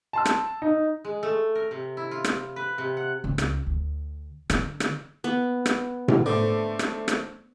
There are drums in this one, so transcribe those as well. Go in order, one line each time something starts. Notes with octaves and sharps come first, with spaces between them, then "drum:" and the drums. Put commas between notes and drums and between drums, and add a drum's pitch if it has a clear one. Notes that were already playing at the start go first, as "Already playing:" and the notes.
A5 C6 E6
drum: rim click
D#4
G#3
A3
A#4
C3
E4
F4
drum: rim click
B4
C3
F#5
C#2
drum: rim click
D2
D3, drum: rim click
drum: rim click
B3
drum: rim click
drum: tom A2
D3 A3 C5 D6
drum: rim click
drum: rim click